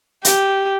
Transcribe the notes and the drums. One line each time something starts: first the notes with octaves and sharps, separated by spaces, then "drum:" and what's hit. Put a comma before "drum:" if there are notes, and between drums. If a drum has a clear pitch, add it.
G4, drum: hi-hat